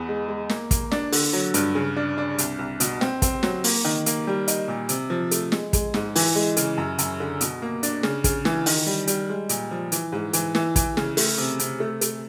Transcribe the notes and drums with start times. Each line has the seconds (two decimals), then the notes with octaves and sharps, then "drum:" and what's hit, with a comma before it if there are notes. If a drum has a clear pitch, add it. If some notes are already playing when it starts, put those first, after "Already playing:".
Already playing: E2 B3
0.08 G#3
0.28 G#3
0.49 A#3, drum: snare
0.71 A#3, drum: kick, hi-hat
0.91 D4, drum: snare
1.12 D3, drum: open hi-hat
1.33 F#3
1.54 G2, drum: hi-hat
1.75 C#3
1.96 D4
2.18 D4
2.38 C2, drum: hi-hat
2.59 C2
2.80 B2, drum: hi-hat
3.01 C4, drum: snare
3.22 C4, drum: kick, hi-hat
3.43 F#3, drum: snare
3.64 A#3, drum: open hi-hat
3.85 D#3
4.06 A#3, drum: hi-hat
4.27 G3
4.48 D#4, drum: hi-hat
4.68 A#2
4.89 C3, drum: hi-hat
5.10 F3
5.31 A3, drum: hi-hat
5.52 G#3, drum: snare
5.73 G#3, drum: kick, hi-hat
5.94 G#2, drum: snare
6.15 E3, drum: open hi-hat
6.35 G#3
6.57 C#3, drum: hi-hat
6.77 F#2
6.98 F#2, drum: hi-hat
7.20 D3
7.41 B2, drum: hi-hat
7.62 A#3
7.83 D4, drum: hi-hat
8.03 C#3, drum: snare
8.24 C#3, drum: kick, hi-hat
8.45 E3, drum: snare
8.66 D#3, drum: open hi-hat
8.86 G3
9.07 G3, drum: hi-hat
9.29 G#3
9.49 A#2, drum: hi-hat
9.71 F3
9.92 E3, drum: hi-hat
10.12 G#2
10.33 E3, drum: hi-hat
10.55 E3, drum: snare
10.76 E3, drum: kick, hi-hat
10.97 C#3, drum: snare
11.17 A3, drum: open hi-hat
11.38 C3
11.59 C3, drum: hi-hat
11.80 A3
12.01 A3, drum: hi-hat